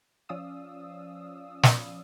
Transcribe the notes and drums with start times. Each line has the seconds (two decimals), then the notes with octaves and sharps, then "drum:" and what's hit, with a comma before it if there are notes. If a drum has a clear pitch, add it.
0.29 F3 C#4 D5 F5 D#6 E6
1.63 drum: snare